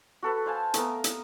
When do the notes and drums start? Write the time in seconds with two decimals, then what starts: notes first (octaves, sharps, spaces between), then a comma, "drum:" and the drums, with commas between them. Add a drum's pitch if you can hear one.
0.22 F#4 A4 B4
0.46 C5 F5 G#5 A5
0.74 A3 B3 A#4, drum: hi-hat
1.04 drum: hi-hat